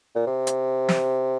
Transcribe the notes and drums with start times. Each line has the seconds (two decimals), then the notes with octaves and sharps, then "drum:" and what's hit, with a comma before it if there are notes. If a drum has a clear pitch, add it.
0.15 A#2
0.27 C3
0.47 drum: hi-hat
0.89 drum: snare